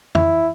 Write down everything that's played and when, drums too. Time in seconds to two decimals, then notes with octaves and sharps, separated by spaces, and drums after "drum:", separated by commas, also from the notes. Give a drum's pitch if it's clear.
0.15 E4, drum: tom F2